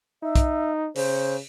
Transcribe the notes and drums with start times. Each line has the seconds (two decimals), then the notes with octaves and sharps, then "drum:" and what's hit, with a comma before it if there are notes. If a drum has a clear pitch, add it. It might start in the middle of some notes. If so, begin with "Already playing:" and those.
0.23 D#4 E5
0.35 drum: kick, hi-hat
0.96 C#3 C5, drum: open hi-hat